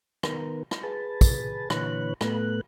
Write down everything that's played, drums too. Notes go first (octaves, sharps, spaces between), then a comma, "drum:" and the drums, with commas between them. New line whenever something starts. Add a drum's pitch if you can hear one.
D#3 B3 A#4, drum: rim click
drum: rim click
G#4 B4 A5
drum: kick, tambourine
A#2 D3 E3 B4 C#5 F#6, drum: rim click
A2 A3 B3 F#6, drum: rim click